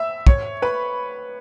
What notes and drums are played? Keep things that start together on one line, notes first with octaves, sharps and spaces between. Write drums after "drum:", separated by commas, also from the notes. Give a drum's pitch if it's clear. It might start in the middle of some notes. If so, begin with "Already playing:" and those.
Already playing: E5 E6
C#5 C#6, drum: kick
B4 B5